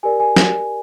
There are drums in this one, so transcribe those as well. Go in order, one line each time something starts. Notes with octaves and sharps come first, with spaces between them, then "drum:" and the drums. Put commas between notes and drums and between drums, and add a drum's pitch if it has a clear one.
G4 A#4 D5 G#5
G#5
drum: snare